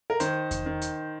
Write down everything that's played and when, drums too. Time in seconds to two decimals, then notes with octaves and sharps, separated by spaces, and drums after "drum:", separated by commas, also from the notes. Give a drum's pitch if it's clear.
0.10 A#4
0.20 D#3 C5, drum: hi-hat
0.51 drum: kick E2, hi-hat
0.66 D#3
0.82 drum: hi-hat